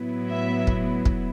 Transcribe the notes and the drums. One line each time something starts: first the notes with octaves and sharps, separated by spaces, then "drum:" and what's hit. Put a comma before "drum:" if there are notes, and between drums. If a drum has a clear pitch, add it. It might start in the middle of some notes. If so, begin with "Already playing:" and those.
Already playing: A2 F#3 B3 E4
E5
drum: kick
drum: kick